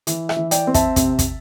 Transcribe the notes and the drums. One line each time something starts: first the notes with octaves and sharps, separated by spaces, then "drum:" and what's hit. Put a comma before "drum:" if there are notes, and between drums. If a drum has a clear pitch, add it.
E3, drum: hi-hat
E5, drum: rim click
E3
D5 G5, drum: hi-hat
C4
E5 A5, drum: kick, hi-hat
C3, drum: kick, hi-hat
drum: kick, hi-hat